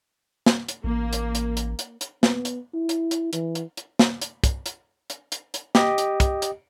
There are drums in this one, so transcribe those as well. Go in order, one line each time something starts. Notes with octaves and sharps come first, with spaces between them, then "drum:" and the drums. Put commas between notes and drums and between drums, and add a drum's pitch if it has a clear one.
drum: snare
drum: hi-hat
A1 A#3
drum: hi-hat
drum: hi-hat
drum: hi-hat
drum: hi-hat
drum: hi-hat
B3, drum: snare
drum: hi-hat
E4
drum: hi-hat
drum: hi-hat
E3, drum: hi-hat
drum: hi-hat
drum: hi-hat
drum: snare
drum: hi-hat
drum: kick, hi-hat
drum: hi-hat
drum: hi-hat
drum: hi-hat
drum: hi-hat
G4 D#5, drum: snare
drum: hi-hat
drum: kick, hi-hat
drum: hi-hat